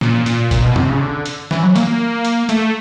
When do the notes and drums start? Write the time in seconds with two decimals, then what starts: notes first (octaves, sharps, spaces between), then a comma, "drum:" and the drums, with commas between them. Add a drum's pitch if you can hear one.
0.01 A#2, drum: snare
0.26 A#2, drum: hi-hat
0.51 A#2, drum: kick G#1, hi-hat
0.63 B2
0.76 C3, drum: tom
0.89 C#3
1.00 D3
1.26 drum: hi-hat
1.51 E3, drum: snare
1.63 F#3
1.76 A#3, drum: hi-hat
1.87 A#3
2.25 drum: hi-hat
2.49 A3, drum: hi-hat